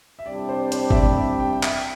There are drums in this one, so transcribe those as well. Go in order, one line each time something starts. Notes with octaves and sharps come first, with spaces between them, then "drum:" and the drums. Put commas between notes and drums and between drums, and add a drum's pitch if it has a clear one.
E5
C2 C3 G3 D4 G4 D5
C5
C5, drum: hi-hat
E5, drum: kick G1
D5
E5
G5
G5
E5, drum: clap